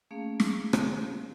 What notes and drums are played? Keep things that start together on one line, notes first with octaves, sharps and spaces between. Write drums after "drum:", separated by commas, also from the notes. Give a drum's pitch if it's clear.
A3 A#3 C#4 G#4 F5
drum: snare
drum: rim click